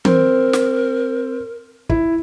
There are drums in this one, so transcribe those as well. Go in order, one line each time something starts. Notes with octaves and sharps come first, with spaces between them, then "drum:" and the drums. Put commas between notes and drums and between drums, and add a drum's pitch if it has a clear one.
C4 A#4, drum: tom E3
drum: snare
E4, drum: kick